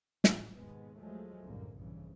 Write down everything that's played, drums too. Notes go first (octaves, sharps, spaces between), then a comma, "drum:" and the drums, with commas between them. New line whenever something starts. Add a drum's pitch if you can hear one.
A2, drum: snare
D#2 G#2 B2 G#3 B3
F3 F#3 G#3 A3
F1 C2 F#2 A2 D3 A#3
F1 A#1 G2 A#2 C#3 E3